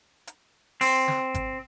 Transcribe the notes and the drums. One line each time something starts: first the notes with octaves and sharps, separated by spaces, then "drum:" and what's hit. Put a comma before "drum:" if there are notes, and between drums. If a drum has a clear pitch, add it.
drum: hi-hat
C4, drum: open hi-hat
drum: snare
drum: kick G#1, hi-hat